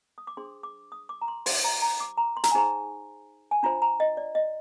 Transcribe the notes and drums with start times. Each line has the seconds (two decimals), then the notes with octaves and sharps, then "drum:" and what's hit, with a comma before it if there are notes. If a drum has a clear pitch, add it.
0.18 D#6
0.27 D6
0.37 D4 G#4 C5 C6
0.63 D6
0.92 D#6
1.09 D6
1.21 A#5
1.28 C6
1.46 D#4 G4 C5 C6, drum: open hi-hat
1.64 A#5
1.82 A#5
2.00 D6
2.17 A#5
2.37 C6
2.44 A#5, drum: hi-hat
2.51 G#5
2.55 D#4 G#4 C5 A#5
3.51 G#5
3.63 D4 F4 C5 A#5
3.82 A#5
4.00 D#5
4.17 D5
4.35 D#5